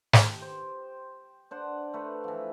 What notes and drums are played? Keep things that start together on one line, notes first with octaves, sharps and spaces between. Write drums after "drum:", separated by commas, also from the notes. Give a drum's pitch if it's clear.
G4, drum: snare
C5
D4 C5 F#5
A3 B4
E3 F3